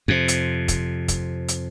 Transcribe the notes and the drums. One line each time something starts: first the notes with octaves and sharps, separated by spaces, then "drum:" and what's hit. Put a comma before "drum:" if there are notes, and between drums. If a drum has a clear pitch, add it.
F2 C3
drum: hi-hat
drum: kick, hi-hat
drum: kick, hi-hat
drum: hi-hat